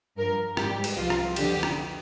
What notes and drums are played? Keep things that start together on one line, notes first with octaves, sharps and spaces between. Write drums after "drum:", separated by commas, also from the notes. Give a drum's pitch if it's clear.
G2 F3 A#4
G#2 G3 G4, drum: rim click
drum: cymbal
C2 C3 F3 F4
drum: rim click
F2 D3 F3 G4, drum: cymbal
drum: rim click